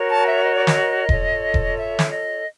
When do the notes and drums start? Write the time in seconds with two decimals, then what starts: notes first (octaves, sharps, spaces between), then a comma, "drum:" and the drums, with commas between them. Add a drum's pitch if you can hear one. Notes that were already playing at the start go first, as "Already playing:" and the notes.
Already playing: F#4 A#4 C#5
0.09 A5
0.26 E5
0.42 D#5
0.55 D5
0.67 D#5, drum: snare
1.09 F4 A4 C#5, drum: kick E1
1.54 drum: kick E1
1.77 E5
1.99 drum: snare
2.10 D#5